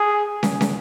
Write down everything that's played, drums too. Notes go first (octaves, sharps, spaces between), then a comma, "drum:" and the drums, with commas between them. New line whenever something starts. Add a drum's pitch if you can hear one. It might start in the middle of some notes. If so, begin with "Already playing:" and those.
Already playing: G#4
drum: snare
drum: snare